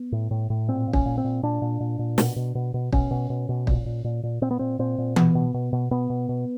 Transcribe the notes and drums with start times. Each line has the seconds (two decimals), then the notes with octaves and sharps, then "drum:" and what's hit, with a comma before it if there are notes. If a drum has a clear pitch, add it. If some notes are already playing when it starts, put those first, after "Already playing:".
Already playing: B3
0.12 A2
0.31 A2
0.50 A2
0.68 A#2 C4
0.88 A#2
0.93 C#4, drum: kick
1.06 A#2
1.18 C4
1.25 A#2
1.43 A#2 D4
1.62 A#2
1.80 A#2
1.99 A#2
2.18 B2, drum: snare
2.36 B2
2.55 B2
2.74 B2
2.92 B2 C#4, drum: kick
3.11 B2
3.30 B2
3.49 B2
3.67 A#2, drum: kick
3.86 A#2
4.04 A#2
4.23 A#2
4.42 A#2 C4
4.51 B3
4.59 A#2 C4
4.79 A#2 C4
4.98 A#2
5.16 B2 B3, drum: tom E3
5.35 B2
5.54 B2
5.73 B2
5.91 B2 B3
6.10 B2
6.29 B2